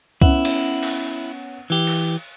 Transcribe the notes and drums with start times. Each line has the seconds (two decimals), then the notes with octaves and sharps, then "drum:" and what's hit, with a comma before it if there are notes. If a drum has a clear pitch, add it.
0.22 B3 C#4 E4 F#5, drum: kick C2
0.45 drum: cymbal
0.83 drum: cymbal
1.70 E3 G4
1.87 drum: cymbal